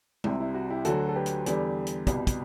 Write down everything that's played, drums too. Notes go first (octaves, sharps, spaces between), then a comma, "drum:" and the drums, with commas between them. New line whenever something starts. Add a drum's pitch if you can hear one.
C2 C3 G3 E4, drum: tom G#3
E4
F#4
E4 G4
D2 D3 F#3 F#4 A4, drum: hi-hat
A4
G4 B4
drum: hi-hat
E2 D3 G3, drum: hi-hat
drum: hi-hat
C2 B2 G3, drum: kick, hi-hat
drum: kick, hi-hat